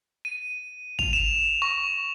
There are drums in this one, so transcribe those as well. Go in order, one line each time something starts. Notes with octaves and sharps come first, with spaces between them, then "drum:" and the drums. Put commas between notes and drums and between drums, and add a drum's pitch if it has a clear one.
D#7
F7, drum: kick
E7
C#6